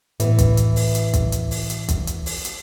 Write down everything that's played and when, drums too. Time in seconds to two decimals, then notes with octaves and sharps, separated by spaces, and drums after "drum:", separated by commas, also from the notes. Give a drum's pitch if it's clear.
0.20 A2 E3 B3, drum: hi-hat
0.38 drum: kick, hi-hat
0.57 drum: hi-hat
0.76 drum: open hi-hat
0.95 drum: hi-hat
1.13 drum: kick, hi-hat
1.32 drum: hi-hat
1.51 drum: open hi-hat
1.70 drum: hi-hat
1.88 drum: kick, hi-hat
2.07 drum: hi-hat
2.26 drum: open hi-hat
2.45 drum: hi-hat